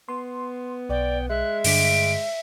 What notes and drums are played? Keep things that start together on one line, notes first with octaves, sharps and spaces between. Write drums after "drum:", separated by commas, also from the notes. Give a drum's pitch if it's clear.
B3 C6
B1 D5 G5
G#3 E5 F#6
G2 D3 B6 D7, drum: open hi-hat